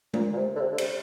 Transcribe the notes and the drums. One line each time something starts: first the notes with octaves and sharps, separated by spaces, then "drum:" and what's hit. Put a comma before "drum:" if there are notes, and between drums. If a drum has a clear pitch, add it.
A#2, drum: tom G#3
A#2
C3
D3
C3
D3
C3, drum: cymbal